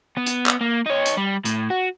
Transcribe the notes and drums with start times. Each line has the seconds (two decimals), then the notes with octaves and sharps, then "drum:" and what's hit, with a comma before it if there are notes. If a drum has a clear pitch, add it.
0.17 B3
0.26 drum: hi-hat
0.46 drum: clap
0.61 A#3
0.86 D#4 C#5
1.06 drum: hi-hat
1.17 G3
1.45 A2, drum: hi-hat
1.70 F#4